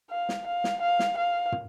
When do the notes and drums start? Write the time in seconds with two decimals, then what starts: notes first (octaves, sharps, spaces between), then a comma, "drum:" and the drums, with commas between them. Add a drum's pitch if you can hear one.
0.11 F5
0.29 drum: snare
0.47 F5
0.64 drum: snare
0.82 F5
0.99 drum: snare
1.17 F5
1.52 drum: tom